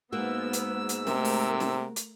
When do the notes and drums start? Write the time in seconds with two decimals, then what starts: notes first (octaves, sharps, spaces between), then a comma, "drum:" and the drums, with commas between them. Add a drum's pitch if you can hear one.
0.12 G#2 G#3 A#3 B3 F#4 E6
0.53 drum: hi-hat
0.89 drum: hi-hat
1.07 C3 A3 A#4, drum: snare
1.25 drum: open hi-hat
1.60 drum: snare
1.96 drum: hi-hat